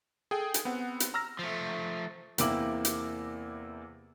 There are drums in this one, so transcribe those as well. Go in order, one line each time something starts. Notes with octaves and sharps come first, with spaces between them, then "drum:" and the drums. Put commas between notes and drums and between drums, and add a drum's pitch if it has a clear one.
G#4 A4 G5
drum: hi-hat
B3 C4 F#5
drum: hi-hat
A#5 E6 F6 A#6
F3 A3
E2 C3 A#3 E4 D6 F#7, drum: hi-hat
drum: hi-hat